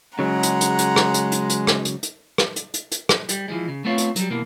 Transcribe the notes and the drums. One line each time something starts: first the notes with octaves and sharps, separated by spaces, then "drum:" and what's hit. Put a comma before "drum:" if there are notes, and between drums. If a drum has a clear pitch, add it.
C#3 F#3 G#3 F#5 A#5
drum: hi-hat
drum: hi-hat
drum: hi-hat
drum: rim click
drum: hi-hat
drum: hi-hat
drum: hi-hat
drum: rim click
drum: hi-hat
drum: hi-hat
drum: rim click
drum: hi-hat
drum: hi-hat
drum: hi-hat
drum: rim click
G3, drum: hi-hat
E3 F3 G#3
C#3
A3 B3 C4 F4 C#5
drum: hi-hat
F#3 G3, drum: hi-hat
B2 E3 A#3